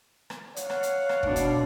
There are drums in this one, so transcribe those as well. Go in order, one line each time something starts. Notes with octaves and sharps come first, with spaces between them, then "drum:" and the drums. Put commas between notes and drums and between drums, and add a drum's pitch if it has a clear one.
drum: rim click
C#5 F5 F#5, drum: hi-hat
drum: rim click
drum: hi-hat
drum: rim click
B2 D4, drum: kick
drum: hi-hat